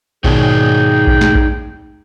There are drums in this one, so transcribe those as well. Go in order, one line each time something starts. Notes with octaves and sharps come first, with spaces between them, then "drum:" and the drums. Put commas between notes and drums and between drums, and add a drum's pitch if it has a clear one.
G#2 B2 D#3 D#4 G#4 C#5 D5 G5, drum: kick A#1
drum: kick A#1
drum: snare
drum: kick A#1